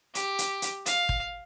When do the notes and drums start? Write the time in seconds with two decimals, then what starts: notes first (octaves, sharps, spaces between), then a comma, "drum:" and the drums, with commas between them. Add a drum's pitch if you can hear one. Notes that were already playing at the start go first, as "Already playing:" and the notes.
0.15 G4, drum: hi-hat
0.38 drum: hi-hat
0.62 drum: hi-hat
0.86 F5, drum: hi-hat
1.09 drum: kick